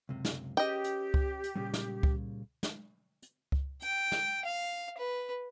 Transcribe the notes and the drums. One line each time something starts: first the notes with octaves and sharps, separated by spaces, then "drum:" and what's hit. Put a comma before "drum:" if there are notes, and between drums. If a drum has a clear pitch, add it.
C#2 F#2 C3
drum: snare
C#4 G4 G#4 B4 D#5 G5
drum: hi-hat
drum: kick C#2
drum: hi-hat
A#2 C#3 G3
drum: snare
drum: kick C#2
drum: snare
drum: hi-hat
drum: kick C#2
G5, drum: hi-hat
drum: snare
F5
B4